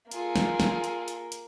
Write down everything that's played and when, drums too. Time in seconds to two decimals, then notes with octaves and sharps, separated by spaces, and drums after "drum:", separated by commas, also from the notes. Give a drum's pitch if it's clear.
0.12 A#3 F4 G#4 A4, drum: hi-hat
0.36 drum: snare
0.60 drum: snare
0.84 drum: hi-hat
1.08 drum: hi-hat
1.32 drum: hi-hat